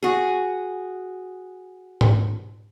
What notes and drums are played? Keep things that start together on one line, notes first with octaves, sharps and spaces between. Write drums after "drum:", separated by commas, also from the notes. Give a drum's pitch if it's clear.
F#4 G#4
drum: tom G#2